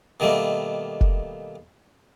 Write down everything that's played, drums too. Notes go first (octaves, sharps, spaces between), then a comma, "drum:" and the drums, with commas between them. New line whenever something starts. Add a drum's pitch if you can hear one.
B2 D#3 G3 A3 A#3
drum: kick F1